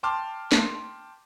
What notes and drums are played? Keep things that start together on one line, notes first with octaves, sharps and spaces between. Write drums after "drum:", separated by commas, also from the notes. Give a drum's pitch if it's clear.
G5 A5 C6 D6 F6
drum: snare